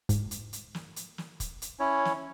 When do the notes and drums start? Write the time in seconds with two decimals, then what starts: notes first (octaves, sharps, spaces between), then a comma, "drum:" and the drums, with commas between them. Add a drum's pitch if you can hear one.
0.09 G#2, drum: kick, hi-hat
0.31 drum: hi-hat
0.53 drum: hi-hat
0.75 drum: snare
0.96 drum: hi-hat
1.18 drum: snare
1.40 drum: kick, hi-hat
1.62 drum: hi-hat
1.80 C#4 E4 C#5
2.05 drum: snare